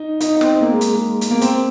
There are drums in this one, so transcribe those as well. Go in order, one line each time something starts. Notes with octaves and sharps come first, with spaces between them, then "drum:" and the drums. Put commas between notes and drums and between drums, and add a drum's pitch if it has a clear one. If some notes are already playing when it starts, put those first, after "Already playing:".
Already playing: D#4
D#4, drum: hi-hat
D#4
C4, drum: snare
A#3
G#3
drum: hi-hat
G#3
drum: hi-hat
A#3
C4, drum: hi-hat